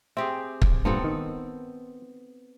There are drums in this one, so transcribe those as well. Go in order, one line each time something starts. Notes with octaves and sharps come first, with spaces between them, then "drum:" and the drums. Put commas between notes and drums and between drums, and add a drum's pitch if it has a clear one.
C4 G4 G#4 E5
drum: kick
G2 A#2 B3 C4 A4
D#3